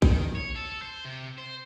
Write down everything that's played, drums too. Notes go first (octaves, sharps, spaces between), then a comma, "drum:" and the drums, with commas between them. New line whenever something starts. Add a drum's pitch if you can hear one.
D#3, drum: kick
C#5
A4
C5
C3
C5